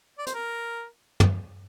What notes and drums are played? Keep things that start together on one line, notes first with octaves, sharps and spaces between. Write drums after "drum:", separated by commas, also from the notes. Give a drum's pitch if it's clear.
D5
C5, drum: hi-hat
A#4
drum: tom